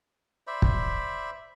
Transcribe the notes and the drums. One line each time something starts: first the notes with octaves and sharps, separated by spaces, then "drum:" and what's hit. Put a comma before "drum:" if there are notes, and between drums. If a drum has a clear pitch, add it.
C5 D5 E5 B5
drum: kick